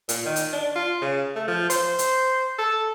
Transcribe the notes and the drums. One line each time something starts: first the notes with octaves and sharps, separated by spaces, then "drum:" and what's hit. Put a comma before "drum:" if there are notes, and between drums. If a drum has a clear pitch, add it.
A#2, drum: hi-hat
D#3
drum: hi-hat
D4
F4
C#3
A3
F3
C5, drum: hi-hat
drum: hi-hat
A4